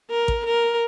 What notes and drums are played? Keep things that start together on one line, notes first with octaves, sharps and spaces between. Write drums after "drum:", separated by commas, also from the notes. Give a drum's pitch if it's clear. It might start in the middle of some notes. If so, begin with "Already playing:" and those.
A#4
drum: kick A1
A#4